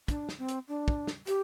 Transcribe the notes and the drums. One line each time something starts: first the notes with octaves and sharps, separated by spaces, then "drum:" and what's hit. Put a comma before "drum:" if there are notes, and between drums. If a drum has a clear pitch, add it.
D4, drum: kick, hi-hat
drum: snare
C4
drum: hi-hat
D4
drum: kick
drum: snare
G4, drum: hi-hat